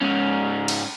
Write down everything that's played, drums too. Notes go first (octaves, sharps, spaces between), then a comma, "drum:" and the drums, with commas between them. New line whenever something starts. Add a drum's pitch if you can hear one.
G#2 C#4
drum: cymbal